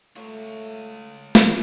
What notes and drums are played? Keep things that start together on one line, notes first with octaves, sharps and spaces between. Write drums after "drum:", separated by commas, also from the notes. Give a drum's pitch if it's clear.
A3 F4 C#5
drum: snare